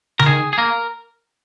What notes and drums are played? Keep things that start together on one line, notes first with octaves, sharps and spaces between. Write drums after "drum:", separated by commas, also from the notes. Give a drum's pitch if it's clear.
A#4, drum: tom C#3
D#3 G#4
G#4
A#3 A#4